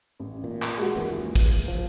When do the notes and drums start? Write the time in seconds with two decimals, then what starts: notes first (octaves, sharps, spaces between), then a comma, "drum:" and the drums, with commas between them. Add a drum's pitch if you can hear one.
0.20 A1
0.44 A#2
0.62 drum: clap
0.77 G#3 F#4
0.96 F#1 D#2 E3 A#3
1.09 F4
1.35 drum: kick, cymbal
1.68 F3